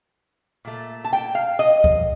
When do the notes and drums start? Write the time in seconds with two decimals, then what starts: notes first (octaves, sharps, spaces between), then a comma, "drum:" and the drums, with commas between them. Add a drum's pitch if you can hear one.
0.65 A#2 A3
1.04 A5
1.13 G5
1.35 F5
1.59 D#5
1.84 drum: kick C#2